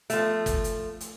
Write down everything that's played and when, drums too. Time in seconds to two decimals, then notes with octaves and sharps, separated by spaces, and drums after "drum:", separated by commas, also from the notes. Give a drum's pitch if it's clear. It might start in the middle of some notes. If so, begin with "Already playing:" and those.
0.10 F3 A3, drum: hi-hat
0.46 drum: kick, hi-hat
0.64 drum: hi-hat
1.00 drum: hi-hat